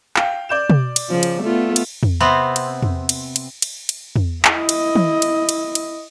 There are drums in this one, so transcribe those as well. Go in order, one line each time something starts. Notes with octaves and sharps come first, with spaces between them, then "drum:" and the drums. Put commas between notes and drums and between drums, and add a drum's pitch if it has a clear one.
F5 G5, drum: clap
D5 G6 E7
drum: tom
drum: cymbal
C#3 F3
drum: cymbal
A3 B3 F4
drum: cymbal
drum: tom
C3 B3 C4
drum: cymbal
drum: tom
drum: cymbal
drum: cymbal
drum: cymbal
drum: cymbal
drum: tom
E4 D#5, drum: clap
drum: cymbal
drum: tom
drum: cymbal
drum: cymbal
drum: cymbal